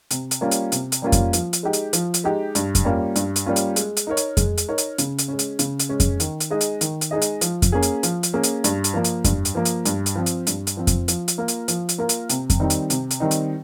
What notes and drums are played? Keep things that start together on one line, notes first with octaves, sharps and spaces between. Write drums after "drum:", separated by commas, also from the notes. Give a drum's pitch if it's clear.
C3, drum: hi-hat
drum: hi-hat
G3 A#3 C#4 F4
drum: hi-hat
C3, drum: hi-hat
drum: hi-hat
G3 A#3 C#4 F4
drum: kick F2, hi-hat
F3, drum: hi-hat
drum: hi-hat
G#3 D#4 G4
drum: hi-hat
F3, drum: hi-hat
drum: hi-hat
G#3 D#4 G4
G2, drum: hi-hat
drum: kick F2, hi-hat
G3 A#3 C#4 F4
G2, drum: hi-hat
drum: hi-hat
G3 A#3 C#4 F4
drum: hi-hat
G#3, drum: hi-hat
drum: hi-hat
D#4 A#4 C#5
drum: hi-hat
G#3, drum: kick F2, hi-hat
drum: hi-hat
D#4 A#4 C#5
drum: hi-hat
C#3, drum: hi-hat
drum: hi-hat
G#3 C#4
drum: hi-hat
C#3, drum: hi-hat
drum: hi-hat
G#3 C#4
drum: kick F2, hi-hat
D#3, drum: hi-hat
drum: hi-hat
G#3 D#4 G#4 D#5
drum: hi-hat
D#3, drum: hi-hat
drum: hi-hat
G#3 D#4 G#4 D#5
drum: hi-hat
F3, drum: hi-hat
drum: kick F2, hi-hat
A#3 C#4 G#4
drum: hi-hat
F3, drum: hi-hat
drum: hi-hat
A#3 C#4 G#4
drum: hi-hat
G2, drum: hi-hat
drum: hi-hat
F3 A#3
drum: hi-hat
G2, drum: kick F2, hi-hat
drum: hi-hat
F3 A#3
drum: hi-hat
G2, drum: hi-hat
drum: hi-hat
F3 C4
drum: hi-hat
G2, drum: hi-hat
drum: hi-hat
F3 C4
drum: kick F2, hi-hat
F3, drum: hi-hat
drum: hi-hat
A#3 F4 A#4
drum: hi-hat
F3, drum: hi-hat
drum: hi-hat
A#3 F4 A#4
drum: hi-hat
C3, drum: hi-hat
drum: kick F2, hi-hat
D#3 G3 C4 D#4
drum: hi-hat
C3, drum: hi-hat
drum: hi-hat
D#3 G3 C4 D#4
drum: hi-hat